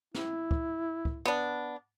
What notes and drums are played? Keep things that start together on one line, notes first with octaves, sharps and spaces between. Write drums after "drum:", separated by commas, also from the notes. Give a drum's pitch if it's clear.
E4, drum: snare
drum: kick
drum: kick
B3 D4